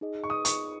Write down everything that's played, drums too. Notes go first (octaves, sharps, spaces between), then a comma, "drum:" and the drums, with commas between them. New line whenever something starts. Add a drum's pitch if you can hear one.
D#4 G#4 D#5
C#6
D#6
C#6, drum: hi-hat